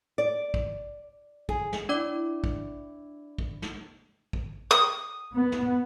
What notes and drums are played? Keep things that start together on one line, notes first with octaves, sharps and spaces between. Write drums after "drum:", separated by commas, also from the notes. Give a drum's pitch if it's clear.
D5
drum: kick
G#4, drum: kick
drum: snare
D4 E4 D5 D6
drum: kick
drum: kick
drum: snare
drum: kick
D#6
B3
drum: snare